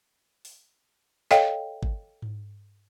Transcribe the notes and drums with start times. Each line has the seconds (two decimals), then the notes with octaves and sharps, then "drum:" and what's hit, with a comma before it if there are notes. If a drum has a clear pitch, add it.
0.45 drum: open hi-hat
1.31 A4 C#5 D#5 F5 G5, drum: snare
1.83 drum: kick G#1
2.22 drum: tom G#2